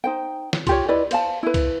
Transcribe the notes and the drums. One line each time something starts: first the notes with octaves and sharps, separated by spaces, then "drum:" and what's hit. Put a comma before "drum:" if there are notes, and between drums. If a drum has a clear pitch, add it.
D#4 C5 G5
drum: snare
F4 G4 C#5, drum: kick, cymbal
E4 B4 D5 D#5
C5 F5 A5, drum: cymbal
E4 B4
drum: kick, cymbal